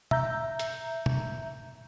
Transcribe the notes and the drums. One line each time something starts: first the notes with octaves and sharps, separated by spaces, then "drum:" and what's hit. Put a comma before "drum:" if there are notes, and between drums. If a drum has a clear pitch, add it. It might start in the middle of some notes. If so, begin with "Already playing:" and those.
E5 A#5 G6, drum: tom
drum: hi-hat
drum: tom